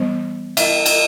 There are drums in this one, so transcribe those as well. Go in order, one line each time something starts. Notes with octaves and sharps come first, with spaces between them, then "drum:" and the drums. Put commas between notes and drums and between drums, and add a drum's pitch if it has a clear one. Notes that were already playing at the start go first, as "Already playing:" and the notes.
Already playing: E3 G3 B3
E5, drum: cymbal
drum: cymbal